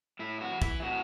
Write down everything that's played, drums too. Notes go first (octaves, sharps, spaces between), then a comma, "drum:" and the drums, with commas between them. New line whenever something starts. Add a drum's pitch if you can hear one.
A2 E4
F#4
E3
E4, drum: kick
A2 F#4